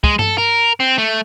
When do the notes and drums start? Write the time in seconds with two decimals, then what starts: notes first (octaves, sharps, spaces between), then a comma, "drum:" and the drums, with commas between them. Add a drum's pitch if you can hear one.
0.04 G#3, drum: kick
0.19 A4, drum: tom G2
0.38 A#4
0.80 C4
0.98 A3